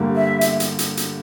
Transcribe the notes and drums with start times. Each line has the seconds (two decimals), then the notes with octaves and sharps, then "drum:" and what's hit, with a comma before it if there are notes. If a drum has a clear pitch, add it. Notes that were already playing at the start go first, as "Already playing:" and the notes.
Already playing: G2 D3 G3 A#3
0.16 E5
0.41 drum: hi-hat
0.60 drum: hi-hat
0.79 drum: hi-hat
0.97 drum: hi-hat